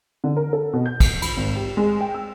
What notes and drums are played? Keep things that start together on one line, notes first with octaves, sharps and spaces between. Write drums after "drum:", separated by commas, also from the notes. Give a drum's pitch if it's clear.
D3
A#4
A4
B2
G6
drum: kick, cymbal
B5, drum: cymbal
G#1
G4
G#3
G5
E6